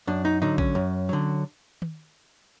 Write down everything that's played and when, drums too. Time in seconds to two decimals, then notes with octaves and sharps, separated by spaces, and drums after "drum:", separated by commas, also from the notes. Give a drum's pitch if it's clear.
0.07 F#2 D4
0.25 D#4
0.42 D3 F#3 D#4, drum: tom G#2
0.58 C#4, drum: kick
0.75 F#2
1.09 D3 F#3
1.82 drum: tom D#3